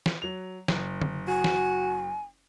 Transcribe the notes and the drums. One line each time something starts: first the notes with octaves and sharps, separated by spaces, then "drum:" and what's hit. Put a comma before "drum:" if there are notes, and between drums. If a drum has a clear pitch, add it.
drum: snare
F#3 F7
F#1, drum: snare
drum: tom D3
F#4 G#5
drum: snare